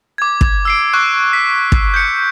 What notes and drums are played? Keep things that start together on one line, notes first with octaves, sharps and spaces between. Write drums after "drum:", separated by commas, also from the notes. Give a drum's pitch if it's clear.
D6 G#6
drum: kick
E6 C7 D7
C#6 F#6
B6
drum: kick
G6 C#7